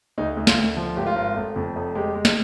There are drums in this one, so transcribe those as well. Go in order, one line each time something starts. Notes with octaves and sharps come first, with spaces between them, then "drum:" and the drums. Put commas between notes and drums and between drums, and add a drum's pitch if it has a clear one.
D2 D#4
D2
F4, drum: snare
D2
F3
G#1 G4
F4
G#1
F1
F2
F1
G#3 G4
G#3
drum: snare